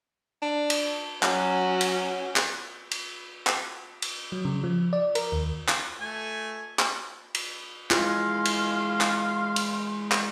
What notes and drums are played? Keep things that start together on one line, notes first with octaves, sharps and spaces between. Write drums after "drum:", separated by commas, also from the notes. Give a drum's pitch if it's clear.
D4
drum: cymbal
F#3 C#4 F#4, drum: clap
drum: cymbal
drum: clap
drum: cymbal
drum: clap
drum: cymbal
F#3
C#3
F3
D5
A#4, drum: cymbal
D#2
drum: clap
A3 G#5
drum: clap
drum: cymbal
E3 G#3 F4 F5 C6, drum: clap
drum: cymbal
drum: clap
drum: cymbal
drum: clap